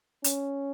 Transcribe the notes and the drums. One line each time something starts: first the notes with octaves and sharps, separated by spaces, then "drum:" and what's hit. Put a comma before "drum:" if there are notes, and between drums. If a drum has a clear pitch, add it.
C#4, drum: hi-hat